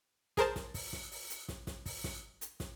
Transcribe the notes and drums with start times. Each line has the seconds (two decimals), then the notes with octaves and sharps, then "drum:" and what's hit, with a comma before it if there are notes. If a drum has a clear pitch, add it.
0.37 G#4 A#4 C5 A5, drum: snare
0.56 drum: snare
0.74 drum: kick, open hi-hat
0.93 drum: snare
1.11 drum: open hi-hat
1.30 drum: hi-hat
1.48 drum: snare
1.67 drum: snare
1.86 drum: kick, open hi-hat
2.04 drum: snare
2.41 drum: hi-hat
2.60 drum: snare